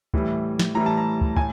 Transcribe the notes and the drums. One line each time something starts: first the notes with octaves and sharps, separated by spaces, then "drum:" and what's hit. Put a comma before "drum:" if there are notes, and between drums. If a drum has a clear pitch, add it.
A2 E3 G3, drum: kick
drum: snare
A2 E3 G3 A#5
A5
A#5
drum: kick
A2 G#5, drum: kick